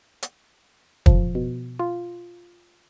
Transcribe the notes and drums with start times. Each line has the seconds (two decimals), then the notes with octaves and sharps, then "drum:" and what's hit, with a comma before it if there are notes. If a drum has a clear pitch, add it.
0.22 drum: hi-hat
1.06 F3, drum: kick
1.35 B2
1.79 F4